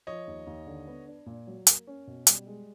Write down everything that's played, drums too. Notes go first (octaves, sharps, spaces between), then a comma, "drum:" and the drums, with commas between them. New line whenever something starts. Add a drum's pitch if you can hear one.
F3 C#5 D#5
D#2
D#2
D3
B3
D4
A#2
F#3
A#3, drum: hi-hat
C#4
B2
G3, drum: hi-hat
G#3